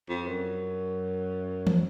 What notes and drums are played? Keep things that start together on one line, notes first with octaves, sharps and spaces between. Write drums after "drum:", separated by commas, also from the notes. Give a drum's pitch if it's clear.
F2
F#2
drum: tom E3